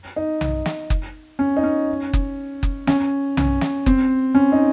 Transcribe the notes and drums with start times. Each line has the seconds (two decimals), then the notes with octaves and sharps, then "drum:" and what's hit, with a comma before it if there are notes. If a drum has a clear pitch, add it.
0.16 D#4
0.41 drum: tom B1
0.66 drum: snare
0.90 drum: kick F#1
1.39 C#4
1.57 D#4
1.64 C#4
2.13 drum: kick F#1
2.63 drum: kick F#1
2.87 C#4, drum: snare
3.37 C#4, drum: tom B1
3.61 drum: snare
3.86 C4, drum: kick F#1
4.35 C#4
4.52 D#4